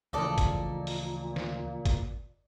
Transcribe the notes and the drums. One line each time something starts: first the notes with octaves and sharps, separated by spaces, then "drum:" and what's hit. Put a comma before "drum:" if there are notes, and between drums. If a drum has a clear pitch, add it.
D2 A#2 C#3 E3 F3 A4 D5 D#5
drum: kick, hi-hat
drum: open hi-hat
drum: snare
drum: kick, hi-hat